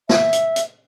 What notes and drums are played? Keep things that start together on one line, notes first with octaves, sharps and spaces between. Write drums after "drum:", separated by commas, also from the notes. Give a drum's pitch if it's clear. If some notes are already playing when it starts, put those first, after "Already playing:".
E5, drum: snare
drum: hi-hat
drum: hi-hat